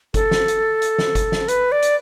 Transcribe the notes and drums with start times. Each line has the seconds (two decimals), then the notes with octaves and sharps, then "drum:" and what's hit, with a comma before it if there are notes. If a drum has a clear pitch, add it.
0.14 A4, drum: kick G1, hi-hat
0.31 drum: snare
0.48 drum: hi-hat
0.82 drum: hi-hat
0.98 drum: snare
1.15 drum: kick G1, hi-hat
1.32 drum: snare
1.48 B4, drum: hi-hat
1.72 D5
1.82 drum: hi-hat